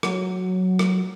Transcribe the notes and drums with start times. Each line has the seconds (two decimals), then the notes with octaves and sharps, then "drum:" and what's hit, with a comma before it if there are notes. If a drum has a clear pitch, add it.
0.03 F#3, drum: rim click
0.79 drum: rim click